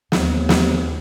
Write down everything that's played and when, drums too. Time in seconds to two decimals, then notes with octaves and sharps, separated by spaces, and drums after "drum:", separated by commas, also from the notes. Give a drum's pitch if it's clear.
0.12 D#2, drum: snare
0.49 drum: snare